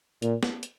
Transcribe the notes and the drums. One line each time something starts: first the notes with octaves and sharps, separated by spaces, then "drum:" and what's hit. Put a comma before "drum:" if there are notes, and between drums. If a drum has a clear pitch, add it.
A#2, drum: hi-hat
drum: snare
drum: hi-hat